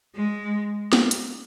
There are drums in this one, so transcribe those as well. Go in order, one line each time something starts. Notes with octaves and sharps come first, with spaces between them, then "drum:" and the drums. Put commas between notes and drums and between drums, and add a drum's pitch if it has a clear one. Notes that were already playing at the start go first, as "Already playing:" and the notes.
G#3
drum: snare
drum: hi-hat